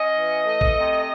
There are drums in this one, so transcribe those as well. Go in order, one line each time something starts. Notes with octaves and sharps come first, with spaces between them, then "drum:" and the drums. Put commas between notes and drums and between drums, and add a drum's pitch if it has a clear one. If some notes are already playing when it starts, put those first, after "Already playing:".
Already playing: C#4 D#5
E3
A3
drum: kick
C3